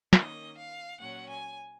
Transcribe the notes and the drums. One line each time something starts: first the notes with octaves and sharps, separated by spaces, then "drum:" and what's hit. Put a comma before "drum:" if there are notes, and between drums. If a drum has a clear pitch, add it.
D#3 A#3 C#4 D#5, drum: snare
F5
A#2 F#3 C#4 F#5
G#5